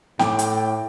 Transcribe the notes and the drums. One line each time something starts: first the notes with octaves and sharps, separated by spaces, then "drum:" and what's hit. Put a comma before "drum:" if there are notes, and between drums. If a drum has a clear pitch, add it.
A2 G5 D6, drum: snare
drum: hi-hat